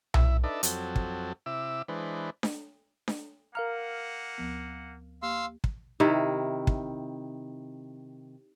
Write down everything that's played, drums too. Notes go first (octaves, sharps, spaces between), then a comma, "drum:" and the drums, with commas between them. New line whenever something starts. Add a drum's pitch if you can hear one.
E4 E5, drum: tom B1
D4 D#4 A4 B4 D5 E5
F2 F#3 C4 A4, drum: hi-hat
drum: kick
C3 E4 E5 D6 E6
E3 G#3 D4 B4 C5
drum: snare D4
drum: snare D4
A#3 A#4 F5 F#5 A#5 F6
D2 F3 B3
A#3 G4 F5 C6 E6
drum: kick
C3 D#3 E4
drum: kick